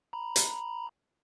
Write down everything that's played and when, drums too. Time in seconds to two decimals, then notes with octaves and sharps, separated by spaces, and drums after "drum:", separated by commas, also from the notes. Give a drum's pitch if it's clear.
0.13 A#5 B5
0.36 drum: hi-hat